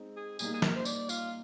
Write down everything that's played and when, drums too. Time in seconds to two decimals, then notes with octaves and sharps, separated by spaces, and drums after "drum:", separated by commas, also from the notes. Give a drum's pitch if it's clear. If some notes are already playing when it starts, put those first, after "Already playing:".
Already playing: G#3 C4 D#4
0.16 G#4
0.39 A#2 G3 A#3 D#4 G#4, drum: tambourine
0.54 G#4
0.62 A#4, drum: snare
0.76 C5
0.85 D5, drum: tambourine
1.09 F4, drum: tambourine